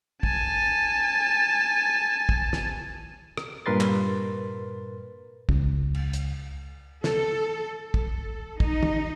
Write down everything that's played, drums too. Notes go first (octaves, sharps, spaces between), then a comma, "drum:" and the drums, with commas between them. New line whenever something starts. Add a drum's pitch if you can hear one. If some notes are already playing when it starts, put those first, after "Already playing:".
G#5 A5, drum: kick
drum: kick
drum: snare
drum: rim click
G2 A#2 A#4 B4 C6 A6
drum: clap
C#2, drum: kick
drum: cymbal
drum: hi-hat
A4, drum: snare
A4
drum: kick
D#4, drum: kick
drum: tom